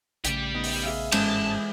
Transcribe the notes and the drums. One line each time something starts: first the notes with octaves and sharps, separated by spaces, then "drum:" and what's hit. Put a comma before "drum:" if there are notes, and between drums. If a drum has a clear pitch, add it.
A#1 C#3 A3 G4 D5, drum: hi-hat
B3 D#4
drum: open hi-hat
G#4 E5 F5
G1 G#2 E3 G#3 C#4 A5, drum: cymbal
G#5